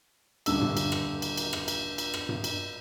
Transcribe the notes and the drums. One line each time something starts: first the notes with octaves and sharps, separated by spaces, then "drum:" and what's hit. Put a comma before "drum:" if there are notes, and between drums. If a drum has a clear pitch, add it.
D#1 D3 E6, drum: cymbal
drum: tom G2
drum: cymbal
drum: rim click
drum: cymbal
drum: cymbal
drum: rim click
drum: cymbal
drum: cymbal
drum: rim click
drum: tom G2
drum: cymbal